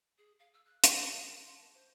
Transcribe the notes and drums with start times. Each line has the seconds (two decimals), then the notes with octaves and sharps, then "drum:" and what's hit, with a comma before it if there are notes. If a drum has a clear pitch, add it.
0.18 G#4
0.40 F5
0.54 E6
0.66 F#6
0.84 F5, drum: hi-hat
1.00 A#5
1.13 F#5
1.25 A#4
1.41 C6
1.56 A5
1.74 C5